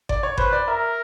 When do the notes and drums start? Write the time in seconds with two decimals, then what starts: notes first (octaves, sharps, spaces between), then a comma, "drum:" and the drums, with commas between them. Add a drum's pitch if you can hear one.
0.09 D5, drum: kick G1
0.23 C#5
0.38 B4 C5, drum: kick G1
0.52 D5
0.67 A#4 E5